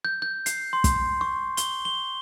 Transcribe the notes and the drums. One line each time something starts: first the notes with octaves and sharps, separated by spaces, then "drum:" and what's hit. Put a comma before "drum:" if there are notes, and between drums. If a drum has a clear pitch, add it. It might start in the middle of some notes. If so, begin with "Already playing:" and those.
G6
G6
C7, drum: hi-hat
C6
drum: kick, hi-hat
C#6
G7, drum: hi-hat
G7